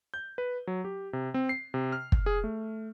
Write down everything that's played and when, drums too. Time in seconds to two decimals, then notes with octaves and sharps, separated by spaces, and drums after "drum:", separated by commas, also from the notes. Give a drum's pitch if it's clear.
0.14 G6
0.38 B4
0.67 F#3
0.85 G4
1.13 C3
1.34 C4
1.49 C7
1.74 C3
1.92 F6
2.12 drum: kick
2.26 G#4
2.44 A3